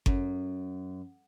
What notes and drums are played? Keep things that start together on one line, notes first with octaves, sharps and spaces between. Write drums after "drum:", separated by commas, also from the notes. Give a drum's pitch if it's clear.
F#2, drum: kick G1